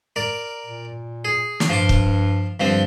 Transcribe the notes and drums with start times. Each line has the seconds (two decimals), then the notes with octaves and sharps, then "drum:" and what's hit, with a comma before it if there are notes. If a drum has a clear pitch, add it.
0.16 A#4 D5
0.66 A#2
1.25 G#4
1.60 drum: snare
1.69 G2 F3 F4 D6
1.89 drum: kick
2.60 G2 D3 F3 C4